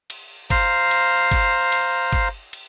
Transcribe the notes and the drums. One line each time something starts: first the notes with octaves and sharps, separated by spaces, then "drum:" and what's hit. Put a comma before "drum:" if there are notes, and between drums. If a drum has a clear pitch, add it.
drum: cymbal
C5 F5 A#5, drum: kick, cymbal
drum: cymbal
drum: kick, cymbal
drum: cymbal
drum: kick
drum: cymbal